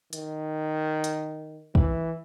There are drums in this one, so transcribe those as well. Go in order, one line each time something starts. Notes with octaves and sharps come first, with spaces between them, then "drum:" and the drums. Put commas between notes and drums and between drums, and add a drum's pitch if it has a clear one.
D#3, drum: hi-hat
drum: hi-hat
E3, drum: kick